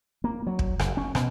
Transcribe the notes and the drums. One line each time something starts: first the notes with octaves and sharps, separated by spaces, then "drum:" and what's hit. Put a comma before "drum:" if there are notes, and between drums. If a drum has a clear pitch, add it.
A#3
F#3
drum: kick
F#1, drum: rim click
C#4
B2, drum: rim click